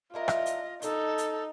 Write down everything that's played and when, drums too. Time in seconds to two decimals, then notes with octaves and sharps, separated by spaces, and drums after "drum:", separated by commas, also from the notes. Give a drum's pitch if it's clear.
0.14 D4 E4 F4 A#4 D#5
0.28 drum: rim click
0.46 drum: hi-hat
0.82 D#3 D4 D#4 A4, drum: hi-hat
1.18 drum: hi-hat